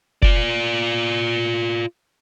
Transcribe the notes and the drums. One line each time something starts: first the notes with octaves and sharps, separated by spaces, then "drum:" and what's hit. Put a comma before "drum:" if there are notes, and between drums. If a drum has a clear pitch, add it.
F4 D5, drum: kick F1